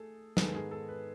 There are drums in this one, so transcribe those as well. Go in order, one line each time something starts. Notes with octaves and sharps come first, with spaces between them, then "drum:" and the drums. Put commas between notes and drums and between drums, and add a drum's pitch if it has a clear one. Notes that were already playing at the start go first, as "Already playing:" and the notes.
Already playing: A3 G#4 A4
G#2 D#3 G#3 B3 A4, drum: snare
G#4
A4
B4